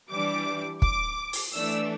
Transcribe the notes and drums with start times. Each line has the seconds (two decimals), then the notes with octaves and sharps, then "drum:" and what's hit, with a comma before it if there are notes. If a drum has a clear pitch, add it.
0.11 E3 G3 D4 D6
0.82 D6, drum: kick
1.33 drum: open hi-hat
1.52 E3 A3 D4 E6